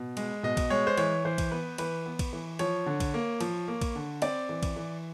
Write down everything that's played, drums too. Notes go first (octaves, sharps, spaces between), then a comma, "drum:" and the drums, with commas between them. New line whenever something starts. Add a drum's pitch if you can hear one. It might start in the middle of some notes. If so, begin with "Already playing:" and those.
Already playing: B2
G#3, drum: cymbal
B2 D#5
drum: kick A#1, cymbal
G#3 C#5
C5
E3 C#5, drum: cymbal
E3 C5
drum: kick A#1, cymbal
B3 B4
E3 B4, drum: cymbal
B3
drum: kick A#1, cymbal
E3
F3 C#5, drum: cymbal
D3
drum: kick A#1, cymbal
A#3
F3, drum: cymbal
A#3
drum: kick A#1, cymbal
D3
C4 D5, drum: cymbal
E3
drum: kick A#1, cymbal
E3